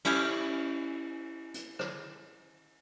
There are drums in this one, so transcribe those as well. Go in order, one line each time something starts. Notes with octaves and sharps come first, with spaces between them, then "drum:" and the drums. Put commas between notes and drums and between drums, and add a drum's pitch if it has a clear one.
C#4 E4 G4 F5 G#5, drum: cymbal
drum: hi-hat
drum: rim click